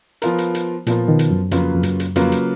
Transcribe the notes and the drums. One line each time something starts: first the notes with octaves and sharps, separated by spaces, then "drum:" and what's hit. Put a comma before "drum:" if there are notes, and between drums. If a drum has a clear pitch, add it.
F3 B3 F4 A#4, drum: hi-hat
drum: hi-hat
drum: hi-hat
A#2 F3 B3 F4 A#4, drum: hi-hat
B2 D#3
drum: hi-hat
F#2
F2 C#3 F#3 A#3 F4 B4, drum: hi-hat
F2
F#2, drum: hi-hat
drum: hi-hat
F2 C#3 F#3 A#3 F4 B4, drum: hi-hat
drum: hi-hat